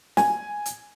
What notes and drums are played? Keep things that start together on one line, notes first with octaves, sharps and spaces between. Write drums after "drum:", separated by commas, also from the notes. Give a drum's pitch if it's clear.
G#5, drum: snare
drum: hi-hat